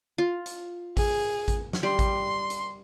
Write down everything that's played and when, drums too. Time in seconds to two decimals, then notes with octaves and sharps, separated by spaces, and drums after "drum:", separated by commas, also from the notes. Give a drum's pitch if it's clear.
0.18 F4
0.46 drum: hi-hat
0.97 G#4, drum: kick A1, open hi-hat
1.48 drum: kick A1, hi-hat
1.73 drum: snare
1.83 G3 C6
1.99 drum: kick A1, hi-hat
2.50 drum: hi-hat